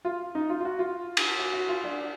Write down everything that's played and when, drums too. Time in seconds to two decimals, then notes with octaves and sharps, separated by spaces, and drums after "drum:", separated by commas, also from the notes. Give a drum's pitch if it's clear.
0.05 F4
0.35 D#4
0.50 F4
0.60 F4
0.65 F#4
0.79 F4
1.17 drum: cymbal
1.39 F#4
1.54 F#4
1.69 F4
1.84 D4